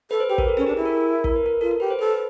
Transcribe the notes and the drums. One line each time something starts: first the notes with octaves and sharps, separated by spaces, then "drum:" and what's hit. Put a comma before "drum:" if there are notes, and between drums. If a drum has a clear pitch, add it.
A4 B4
C5
G4 B4
A#4, drum: kick
A4
C#4 G#4
D4 G4
E4 G#4
A#4
A#4, drum: kick
B4
A#4
F4 A4
A4
G4 B4
C5
A4 B4